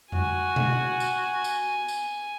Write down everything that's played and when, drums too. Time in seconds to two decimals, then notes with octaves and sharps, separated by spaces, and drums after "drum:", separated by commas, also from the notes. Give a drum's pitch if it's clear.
0.12 F#4 G#5, drum: tom F2
0.56 drum: tom B2
1.00 drum: tambourine
1.44 drum: tambourine
1.88 drum: tambourine